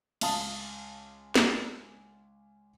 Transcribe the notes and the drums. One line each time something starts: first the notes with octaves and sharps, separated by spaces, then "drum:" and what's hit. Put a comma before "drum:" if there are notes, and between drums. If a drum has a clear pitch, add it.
C#2 F5 A5 D#6, drum: cymbal
drum: snare